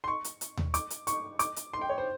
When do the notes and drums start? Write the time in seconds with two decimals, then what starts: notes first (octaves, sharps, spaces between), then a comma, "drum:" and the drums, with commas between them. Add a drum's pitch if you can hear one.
0.04 C6
0.08 C#6
0.24 drum: hi-hat
0.41 drum: hi-hat
0.57 drum: tom D#2
0.74 D6, drum: hi-hat
0.90 drum: hi-hat
1.07 C#6, drum: hi-hat
1.39 D6, drum: hi-hat
1.56 drum: hi-hat
1.73 C6
1.81 G5
1.89 C#5
1.98 C5